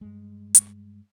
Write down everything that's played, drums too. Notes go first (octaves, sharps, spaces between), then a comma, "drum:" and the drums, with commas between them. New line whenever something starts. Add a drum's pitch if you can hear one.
G2 G#3
drum: hi-hat